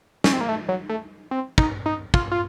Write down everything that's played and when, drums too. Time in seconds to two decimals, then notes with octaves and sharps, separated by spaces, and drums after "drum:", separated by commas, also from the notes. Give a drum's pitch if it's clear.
0.24 C#4, drum: snare
0.33 C4
0.41 A#3
0.49 A3
0.69 F#3
0.89 A3
1.31 C4
1.58 D#4, drum: kick
1.86 D#4
2.14 F4, drum: kick
2.32 F4